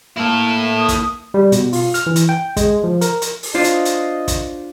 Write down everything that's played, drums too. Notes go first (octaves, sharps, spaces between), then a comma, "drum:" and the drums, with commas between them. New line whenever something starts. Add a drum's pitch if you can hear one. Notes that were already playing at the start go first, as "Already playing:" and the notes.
A#3 E4 A4
D#6
drum: kick, hi-hat
G3
B2, drum: hi-hat
F4, drum: open hi-hat
F6, drum: hi-hat
E3
drum: hi-hat
G5
G#3, drum: kick, hi-hat
F3
A#4, drum: hi-hat
drum: hi-hat
drum: open hi-hat
D4 F4 C5 D#5
drum: hi-hat
drum: hi-hat
drum: kick, hi-hat